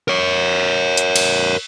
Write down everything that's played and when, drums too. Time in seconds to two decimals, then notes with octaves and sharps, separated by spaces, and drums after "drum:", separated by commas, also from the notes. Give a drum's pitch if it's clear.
0.08 A#4 C#5
0.97 drum: hi-hat
1.16 drum: cymbal